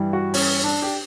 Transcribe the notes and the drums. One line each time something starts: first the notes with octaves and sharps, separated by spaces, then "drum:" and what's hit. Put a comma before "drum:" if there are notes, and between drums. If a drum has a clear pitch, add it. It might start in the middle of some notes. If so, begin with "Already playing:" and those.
Already playing: G2 E3 G3
F#4
C#4, drum: open hi-hat
D4
G4